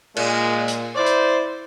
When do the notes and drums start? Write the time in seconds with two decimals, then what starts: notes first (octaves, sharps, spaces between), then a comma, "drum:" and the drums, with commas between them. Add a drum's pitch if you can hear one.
0.16 A#2 G#3, drum: cymbal
0.68 drum: hi-hat
0.95 E4 C5 D5
1.07 drum: hi-hat